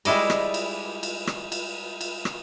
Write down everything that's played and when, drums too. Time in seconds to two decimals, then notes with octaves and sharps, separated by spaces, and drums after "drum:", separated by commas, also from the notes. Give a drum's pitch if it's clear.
0.05 G3 G#3 E4 D5 D#5, drum: cymbal
0.30 drum: rim click
0.54 drum: cymbal
1.03 drum: cymbal
1.27 drum: rim click
1.52 drum: cymbal
2.01 drum: cymbal
2.25 drum: rim click